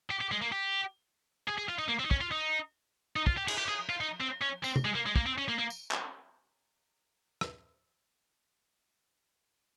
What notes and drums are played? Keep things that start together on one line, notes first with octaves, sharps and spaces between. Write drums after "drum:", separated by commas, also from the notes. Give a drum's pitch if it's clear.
G4
G4
G#3
A#3
G4
G#4
G#4
F4
D#4
A#3
C4
D#4
C#4, drum: kick
F4
D#4
D#4
F4, drum: kick
G4
G#4, drum: cymbal
G4
G#4
F4
D#4
C4
C#4
C4, drum: tambourine
drum: tom C3
G#3
A#3
G#3
A#3, drum: kick
C4
C#4
A#3
A#3
drum: tambourine
drum: clap
drum: rim click